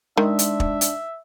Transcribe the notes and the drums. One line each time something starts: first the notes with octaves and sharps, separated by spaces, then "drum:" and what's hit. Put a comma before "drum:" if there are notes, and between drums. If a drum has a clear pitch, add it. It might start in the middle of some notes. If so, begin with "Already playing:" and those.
D#3 G#3 D4 E5
drum: hi-hat
drum: kick
drum: hi-hat